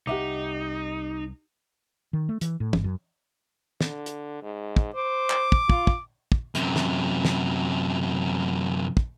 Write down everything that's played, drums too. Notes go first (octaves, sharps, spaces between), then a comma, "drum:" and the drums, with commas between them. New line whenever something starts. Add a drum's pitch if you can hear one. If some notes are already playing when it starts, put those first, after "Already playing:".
C2 D#4 G4 E5 F#5 D6
D#3
A3
E3, drum: hi-hat
A2
G1, drum: tom
F#2
D3, drum: snare
drum: hi-hat
G#2
drum: kick
C5 D6
drum: clap
drum: kick
F4, drum: kick
drum: kick
drum: kick
F#2 C3, drum: hi-hat
drum: snare
drum: snare
drum: kick